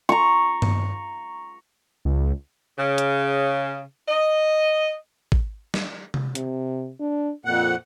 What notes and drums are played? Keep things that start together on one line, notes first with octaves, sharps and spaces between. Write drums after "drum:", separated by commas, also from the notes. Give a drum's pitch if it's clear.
A#5 C#6
drum: tom G2
C#2
C#3
drum: hi-hat
D#5
drum: kick G#1
drum: snare
drum: tom C3
C3, drum: hi-hat
D4
F2 A#2 F#5